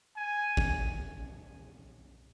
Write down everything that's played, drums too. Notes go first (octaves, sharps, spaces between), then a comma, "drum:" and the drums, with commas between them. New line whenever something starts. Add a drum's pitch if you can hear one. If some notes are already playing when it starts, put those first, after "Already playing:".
G#5
drum: kick G1